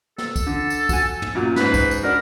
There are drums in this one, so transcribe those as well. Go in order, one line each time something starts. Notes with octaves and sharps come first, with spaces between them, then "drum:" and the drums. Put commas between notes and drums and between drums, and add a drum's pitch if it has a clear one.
A4, drum: snare
drum: kick, tambourine
D3
drum: tambourine
F#4 G#5, drum: kick, tambourine
drum: tom
F#2 A#2 F#3
G#2 C#4 B4, drum: snare
drum: kick, tambourine
drum: tambourine
D4 F#4 A#4